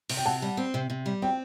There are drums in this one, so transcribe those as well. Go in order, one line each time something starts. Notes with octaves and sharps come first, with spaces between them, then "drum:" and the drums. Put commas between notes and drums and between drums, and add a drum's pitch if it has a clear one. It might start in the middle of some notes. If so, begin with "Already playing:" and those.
C3, drum: open hi-hat
G5
C3 F#5 A5
G3
C4
C3
C3
G3
C4 G5